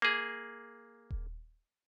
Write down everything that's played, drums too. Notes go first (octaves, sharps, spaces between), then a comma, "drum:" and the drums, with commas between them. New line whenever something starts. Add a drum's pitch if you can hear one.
A#3 G#4
drum: kick D#1